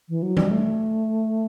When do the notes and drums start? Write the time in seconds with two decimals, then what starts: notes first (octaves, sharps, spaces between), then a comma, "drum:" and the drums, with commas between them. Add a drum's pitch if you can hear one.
0.09 E3
0.23 F#3
0.37 G3, drum: tom E3
0.50 A3